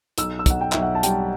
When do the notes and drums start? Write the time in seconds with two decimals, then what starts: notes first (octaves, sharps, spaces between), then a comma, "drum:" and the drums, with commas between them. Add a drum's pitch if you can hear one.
0.18 B1 E6, drum: hi-hat
0.39 E6
0.46 B1 F#5, drum: kick, hi-hat
0.61 G5
0.72 B1 E5, drum: clap
0.82 F#5
0.95 A5
1.03 G3 G5, drum: hi-hat